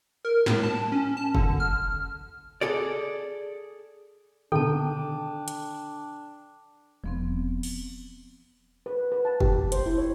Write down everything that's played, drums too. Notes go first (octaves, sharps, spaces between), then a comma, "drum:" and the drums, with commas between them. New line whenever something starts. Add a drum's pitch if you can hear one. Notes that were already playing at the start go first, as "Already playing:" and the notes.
A#4
A2, drum: snare
A5
C#4
A5
D3, drum: kick
F6
G#4 A4 D5
B2 D3 D#3 D4 A4 G5 A5
drum: hi-hat
E1 F3 B3 C4
drum: open hi-hat
B4
B4
A5
G4, drum: kick
C5, drum: hi-hat
E4
C#5